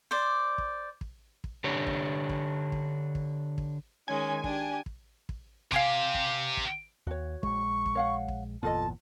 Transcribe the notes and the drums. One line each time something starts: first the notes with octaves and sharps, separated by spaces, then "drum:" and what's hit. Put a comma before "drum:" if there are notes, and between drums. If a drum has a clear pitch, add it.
C5 D5
drum: kick
drum: kick
drum: kick
D3 D4 G4 C#5
drum: kick
drum: kick
drum: kick
drum: kick
drum: kick
D#3 G#3 C#4 G#5
D4 G4, drum: kick
drum: kick
drum: kick
C3 G4 F5 G#5 D6, drum: kick
drum: kick
drum: kick
D#2 F#4 C#5
A#1 G#3 C#6, drum: kick
drum: kick
C#5 F5 F#5
drum: kick
G1 E2 A#2 F4 A4 D#5 A5